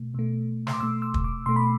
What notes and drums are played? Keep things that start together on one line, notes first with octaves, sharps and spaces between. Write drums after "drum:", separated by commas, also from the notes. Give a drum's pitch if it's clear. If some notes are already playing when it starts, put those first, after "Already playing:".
Already playing: B2 A3
B2 A3
C6, drum: snare
D6
B2 A3 E6
E6
drum: kick
D6
B2 A3 C6
B5